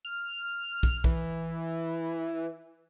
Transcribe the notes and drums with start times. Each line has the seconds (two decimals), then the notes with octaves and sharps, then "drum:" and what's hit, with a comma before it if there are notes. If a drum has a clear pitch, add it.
0.05 F6
0.83 drum: kick
1.04 E3, drum: kick